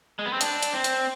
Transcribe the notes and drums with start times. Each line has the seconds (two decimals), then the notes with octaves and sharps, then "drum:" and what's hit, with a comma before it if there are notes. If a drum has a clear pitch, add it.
0.19 G#3
0.26 B3
0.33 C4
0.41 D4, drum: hi-hat
0.63 drum: hi-hat
0.74 C4
0.84 drum: hi-hat